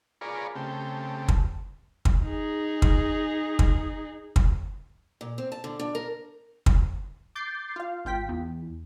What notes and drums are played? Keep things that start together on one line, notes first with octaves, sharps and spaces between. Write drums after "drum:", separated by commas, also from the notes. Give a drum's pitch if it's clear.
F4 G#4 A#4 B4 C#5 D5
C#3 A3 C4 G4
drum: kick
drum: kick
D#4 G#4
drum: kick
drum: kick
drum: kick
A#2
C4
A5
D3
D4
A#4
drum: kick
D6 G6 A6 C7
F4 F5
G#1 F4 G5 B6
E2